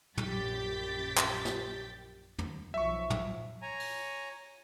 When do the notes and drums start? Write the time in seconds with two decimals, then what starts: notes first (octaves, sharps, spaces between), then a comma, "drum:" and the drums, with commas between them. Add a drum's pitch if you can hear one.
0.17 A#1 F#2 G4 G6 A6 B6, drum: tom
1.17 drum: clap
1.45 drum: snare
2.38 drum: tom
2.74 B1 F3 F#3 E5 C#6
3.10 drum: tom
3.62 C#5 G#5 A#5
3.80 drum: open hi-hat